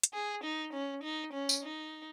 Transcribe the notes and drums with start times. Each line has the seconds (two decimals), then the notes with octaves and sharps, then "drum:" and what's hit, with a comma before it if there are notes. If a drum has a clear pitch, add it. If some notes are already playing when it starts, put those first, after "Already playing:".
0.04 drum: hi-hat
0.14 G#4
0.44 D#4
0.73 C#4
1.03 D#4
1.33 C#4
1.49 drum: tambourine
1.63 D#4